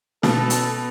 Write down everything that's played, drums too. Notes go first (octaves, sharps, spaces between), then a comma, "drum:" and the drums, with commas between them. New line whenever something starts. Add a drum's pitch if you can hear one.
B2 A4, drum: snare
drum: hi-hat